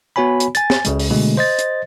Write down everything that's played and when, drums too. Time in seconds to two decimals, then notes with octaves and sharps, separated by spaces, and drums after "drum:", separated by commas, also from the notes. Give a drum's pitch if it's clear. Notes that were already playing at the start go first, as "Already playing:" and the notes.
0.16 B3 F#4 C#5 G#5 B5
0.40 drum: hi-hat
0.55 G#5 A6, drum: hi-hat
0.70 drum: snare
0.85 C#2 C#3 G#3, drum: hi-hat
1.00 drum: open hi-hat
1.10 B2 D3 G#3 A3
1.37 C5 D#5 A6
1.59 drum: hi-hat